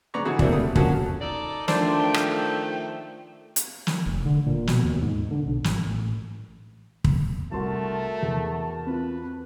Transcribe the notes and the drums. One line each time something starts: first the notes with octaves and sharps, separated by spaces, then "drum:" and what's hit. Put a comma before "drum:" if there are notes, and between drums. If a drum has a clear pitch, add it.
G#2 B4 D5 A#5 C#6
G#2 E3 A3 F#4 G#4
C3 A#3 C4 D4 F#4, drum: kick
G3 A3 D#6
F3 F#3 A#3 C#4 F#4 A4, drum: kick
D#4 A4 D5
D#3 F3 A3 D4 C5, drum: snare
G5
drum: rim click
drum: hi-hat
drum: snare
F1
D3
A#2
B2, drum: snare
D#2
G#2
D3
B1
G#1, drum: snare
A1
drum: kick
C2 A3 F#4 A#4 A5 C6
E2
C4 F4 B4